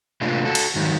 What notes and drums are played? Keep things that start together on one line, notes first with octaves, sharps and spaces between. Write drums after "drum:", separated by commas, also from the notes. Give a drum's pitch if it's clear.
A2 C3 G#3 A#3 D4 F4
F#4 A4
drum: cymbal
F2 G#2 D#3 F#3